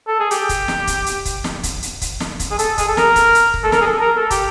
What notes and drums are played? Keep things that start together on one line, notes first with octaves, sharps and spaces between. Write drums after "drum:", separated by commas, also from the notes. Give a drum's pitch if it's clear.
A4
G#4
G4, drum: hi-hat
drum: kick, hi-hat
drum: snare
drum: kick, hi-hat
drum: hi-hat
drum: kick, hi-hat
drum: snare
drum: kick, hi-hat
drum: hi-hat
drum: kick, hi-hat
drum: snare
drum: kick, hi-hat
G#4
A4, drum: hi-hat
G#4, drum: kick, hi-hat
A4
A#4, drum: snare
drum: kick, hi-hat
drum: hi-hat
drum: kick
A4
A#4, drum: snare
G#4
A4
A#4
A4
G4, drum: kick, hi-hat